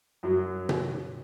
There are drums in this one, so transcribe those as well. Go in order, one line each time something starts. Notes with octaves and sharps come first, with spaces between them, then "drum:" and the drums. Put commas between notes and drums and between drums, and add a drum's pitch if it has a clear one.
F#2 F#3
drum: tom B2